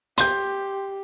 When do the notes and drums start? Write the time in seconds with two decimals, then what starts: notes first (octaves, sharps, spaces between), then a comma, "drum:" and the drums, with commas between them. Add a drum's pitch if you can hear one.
0.18 G4 C6 G6, drum: hi-hat